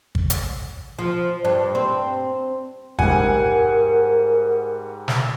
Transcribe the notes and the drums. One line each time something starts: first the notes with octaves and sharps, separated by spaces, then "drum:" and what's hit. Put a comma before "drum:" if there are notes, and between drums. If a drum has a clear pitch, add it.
drum: kick
drum: hi-hat
F3
G2
C4
G#2 G3 A#4 F#5 G#5, drum: kick
drum: snare